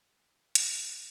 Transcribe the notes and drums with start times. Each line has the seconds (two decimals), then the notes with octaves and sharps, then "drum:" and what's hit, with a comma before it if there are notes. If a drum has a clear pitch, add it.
0.11 C#2
0.23 G#4
0.38 A4
0.55 F4, drum: hi-hat
0.73 C#3
0.93 F4